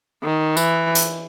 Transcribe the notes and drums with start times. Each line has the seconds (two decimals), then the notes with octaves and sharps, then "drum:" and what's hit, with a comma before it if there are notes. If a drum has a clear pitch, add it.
0.23 D#3
0.57 E3, drum: tambourine
0.95 drum: hi-hat